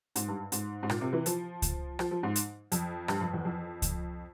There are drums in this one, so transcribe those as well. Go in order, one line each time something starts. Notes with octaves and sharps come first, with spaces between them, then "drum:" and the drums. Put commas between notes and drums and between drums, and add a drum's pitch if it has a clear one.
G#2, drum: hi-hat
G2
G#2, drum: hi-hat
G#2
A#2, drum: rim click
C3
E3
F3, drum: hi-hat
drum: kick C#2, hi-hat
F3, drum: rim click
F3
G#2
drum: hi-hat
F2, drum: hi-hat
G2, drum: rim click
F2
E2
F2
drum: kick C#2, hi-hat